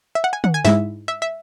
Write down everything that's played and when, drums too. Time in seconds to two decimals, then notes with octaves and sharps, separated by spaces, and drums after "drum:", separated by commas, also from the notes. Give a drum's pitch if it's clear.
0.15 E5
0.24 F#5
0.33 G#5
0.44 F#5, drum: tom
0.54 G#5
0.65 G#2 G#3 E4 E5, drum: snare
1.08 E5
1.22 E5